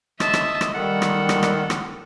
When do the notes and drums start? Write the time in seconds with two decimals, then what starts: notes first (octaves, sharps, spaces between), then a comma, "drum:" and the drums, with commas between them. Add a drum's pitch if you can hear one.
0.20 D#5 E5 A5, drum: rim click
0.34 drum: rim click
0.61 drum: rim click
0.74 D#3 G3 A4 F#5
1.02 drum: rim click
1.29 drum: rim click
1.43 drum: rim click
1.70 drum: rim click